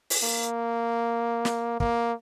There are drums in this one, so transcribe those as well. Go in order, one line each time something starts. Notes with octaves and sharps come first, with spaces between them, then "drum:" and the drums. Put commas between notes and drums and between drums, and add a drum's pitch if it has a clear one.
drum: open hi-hat
A#3
drum: snare
A#3, drum: kick